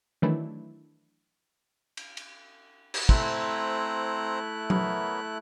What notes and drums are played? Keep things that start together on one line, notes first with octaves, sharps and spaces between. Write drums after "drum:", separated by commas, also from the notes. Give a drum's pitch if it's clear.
D#3 E3 F#3 A3 D4 E4
drum: cymbal
drum: cymbal
drum: cymbal
A3 C4 E4 C5 A#5 F#6, drum: kick
B3 A#4 C#5, drum: tom F#3